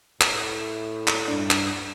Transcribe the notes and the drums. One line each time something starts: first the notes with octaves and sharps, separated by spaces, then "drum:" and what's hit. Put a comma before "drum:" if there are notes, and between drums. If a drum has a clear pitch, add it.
A2, drum: clap
drum: clap
G2 D4
drum: clap